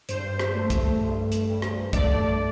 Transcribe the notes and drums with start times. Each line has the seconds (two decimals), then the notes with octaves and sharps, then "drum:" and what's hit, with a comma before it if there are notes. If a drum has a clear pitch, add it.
0.09 G2 C5, drum: hi-hat
0.39 drum: rim click
0.55 A3
0.70 drum: kick, hi-hat
1.01 G2
1.32 drum: hi-hat
1.47 G2
1.62 drum: rim click
1.93 A3 D5, drum: kick, hi-hat